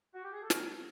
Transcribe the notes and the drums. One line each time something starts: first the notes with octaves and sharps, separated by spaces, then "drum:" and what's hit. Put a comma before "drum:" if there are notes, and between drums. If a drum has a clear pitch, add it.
F#4
G4
G#4
A4
G2 E3 G3 A#4, drum: snare